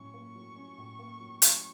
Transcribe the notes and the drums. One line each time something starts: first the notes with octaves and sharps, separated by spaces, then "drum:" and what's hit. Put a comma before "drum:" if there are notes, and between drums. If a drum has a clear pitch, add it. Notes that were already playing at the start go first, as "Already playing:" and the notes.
Already playing: A2 F#3 C#4 C#6
A#3
F#3
C#4
A2
A#3
F#3
C#4, drum: hi-hat